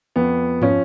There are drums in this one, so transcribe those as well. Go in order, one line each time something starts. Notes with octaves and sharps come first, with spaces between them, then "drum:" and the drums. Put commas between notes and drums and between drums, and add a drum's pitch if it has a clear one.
F2 B3
F3 C#4, drum: tom